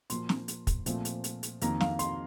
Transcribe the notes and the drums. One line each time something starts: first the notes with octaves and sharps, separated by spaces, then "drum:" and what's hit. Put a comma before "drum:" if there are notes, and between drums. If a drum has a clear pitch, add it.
A#2 F3 A#3 C6, drum: hi-hat
drum: snare
drum: hi-hat
drum: kick, hi-hat
A#2 F3 A3 C4, drum: hi-hat
drum: hi-hat
drum: hi-hat
drum: hi-hat
F2 D#3 A#3 A#5, drum: hi-hat
F5, drum: snare
C6, drum: hi-hat